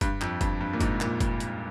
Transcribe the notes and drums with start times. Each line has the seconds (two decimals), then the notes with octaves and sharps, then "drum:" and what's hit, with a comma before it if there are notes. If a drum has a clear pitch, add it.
0.01 G2, drum: kick F#1, hi-hat
0.21 F2, drum: clap
0.41 G2, drum: kick F#1, hi-hat
0.61 G2
0.73 A#2
0.80 G#2, drum: kick F#1, hi-hat
1.01 A#2, drum: clap
1.21 drum: kick F#1, hi-hat
1.40 drum: hi-hat